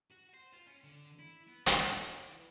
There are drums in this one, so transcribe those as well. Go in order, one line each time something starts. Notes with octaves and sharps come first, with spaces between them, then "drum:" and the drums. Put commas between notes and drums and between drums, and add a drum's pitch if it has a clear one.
F#4
C5
F4
C#4
D3
E4
B3
G5, drum: hi-hat
F#4
D5
E3